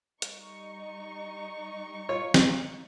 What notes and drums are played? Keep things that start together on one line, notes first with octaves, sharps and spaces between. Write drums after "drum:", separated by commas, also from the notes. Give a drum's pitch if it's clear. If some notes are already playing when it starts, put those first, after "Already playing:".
G3 D#4 C#6, drum: hi-hat
F4 C#5
drum: snare